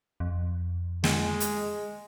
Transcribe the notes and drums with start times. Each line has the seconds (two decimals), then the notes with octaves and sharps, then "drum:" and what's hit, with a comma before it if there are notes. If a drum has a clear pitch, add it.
0.20 F2
1.04 G#3, drum: snare
1.40 drum: hi-hat